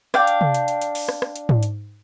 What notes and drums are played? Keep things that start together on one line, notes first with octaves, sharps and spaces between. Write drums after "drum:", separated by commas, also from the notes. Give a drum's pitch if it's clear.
D4 F5 G5, drum: rim click
drum: hi-hat
drum: tom C3
drum: hi-hat
drum: hi-hat
drum: hi-hat
drum: open hi-hat
drum: rim click
drum: rim click
drum: hi-hat
drum: tom
drum: hi-hat